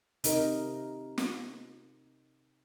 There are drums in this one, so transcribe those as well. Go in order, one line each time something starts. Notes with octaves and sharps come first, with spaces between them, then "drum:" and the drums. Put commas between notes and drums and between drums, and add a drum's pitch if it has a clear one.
C3 D#4 A#4, drum: hi-hat
drum: snare